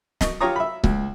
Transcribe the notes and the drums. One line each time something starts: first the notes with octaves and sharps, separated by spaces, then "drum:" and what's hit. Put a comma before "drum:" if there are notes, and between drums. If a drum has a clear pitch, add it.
D#5 C#6, drum: snare
F4 G4 C#5 A#5 D#6
E5 B5
C#2, drum: kick C#1